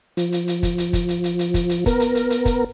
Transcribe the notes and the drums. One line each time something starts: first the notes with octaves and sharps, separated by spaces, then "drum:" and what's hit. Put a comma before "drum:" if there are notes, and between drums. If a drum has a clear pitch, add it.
F3, drum: hi-hat
drum: hi-hat
drum: hi-hat
drum: kick, hi-hat
drum: hi-hat
drum: kick, hi-hat
drum: hi-hat
drum: hi-hat
drum: hi-hat
drum: kick, hi-hat
drum: hi-hat
B3 A#4, drum: kick, hi-hat
drum: hi-hat
drum: hi-hat
drum: hi-hat
drum: kick, hi-hat